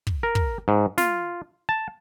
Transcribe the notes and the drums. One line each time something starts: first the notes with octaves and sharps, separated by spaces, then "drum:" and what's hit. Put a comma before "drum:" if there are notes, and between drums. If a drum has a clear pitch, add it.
drum: kick
A#4
drum: kick
G#2
F4, drum: snare
A5